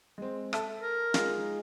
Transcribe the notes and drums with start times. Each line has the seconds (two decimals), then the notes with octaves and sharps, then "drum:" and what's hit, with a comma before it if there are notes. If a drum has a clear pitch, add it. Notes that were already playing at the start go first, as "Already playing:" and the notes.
0.18 G#3 C4
0.53 A4 E5 A5, drum: rim click
0.82 A#4
1.14 G#3 D#4 F4 G#4, drum: snare